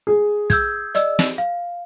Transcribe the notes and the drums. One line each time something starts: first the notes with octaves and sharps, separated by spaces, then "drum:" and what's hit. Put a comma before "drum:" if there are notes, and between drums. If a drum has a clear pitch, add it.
G#4
E6 G6 G#6, drum: kick, hi-hat
D5 D#5 E6, drum: hi-hat
drum: snare
F5